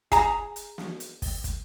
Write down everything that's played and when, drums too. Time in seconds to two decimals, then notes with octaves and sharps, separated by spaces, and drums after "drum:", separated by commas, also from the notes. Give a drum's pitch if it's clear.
0.12 G#4 A#5, drum: kick, hi-hat
0.56 drum: hi-hat
0.78 drum: snare
1.00 drum: hi-hat
1.22 drum: kick, open hi-hat
1.44 drum: kick, hi-hat